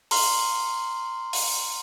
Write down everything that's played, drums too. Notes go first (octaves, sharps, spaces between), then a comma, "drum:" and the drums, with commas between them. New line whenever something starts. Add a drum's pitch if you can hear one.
A#5 C6 F6 C7 F#7 G7, drum: open hi-hat
drum: open hi-hat